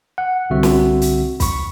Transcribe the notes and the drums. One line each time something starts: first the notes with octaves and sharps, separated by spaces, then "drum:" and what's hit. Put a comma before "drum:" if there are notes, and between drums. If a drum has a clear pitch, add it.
F#5
C2 D3 C4 F#4 E5
drum: snare
drum: hi-hat
B5 C#6, drum: kick, hi-hat